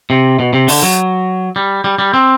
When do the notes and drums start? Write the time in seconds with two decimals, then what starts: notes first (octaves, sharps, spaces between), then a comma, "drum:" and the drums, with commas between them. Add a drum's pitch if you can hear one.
0.10 C3
0.39 B2
0.53 C3
0.68 D3, drum: open hi-hat
0.83 F#3
1.56 G3
1.84 G3
1.99 G3
2.14 C4